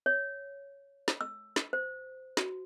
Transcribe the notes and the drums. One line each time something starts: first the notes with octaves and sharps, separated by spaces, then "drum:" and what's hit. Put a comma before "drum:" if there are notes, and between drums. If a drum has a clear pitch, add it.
C#5
drum: snare
E6
drum: snare
C5
F#4, drum: snare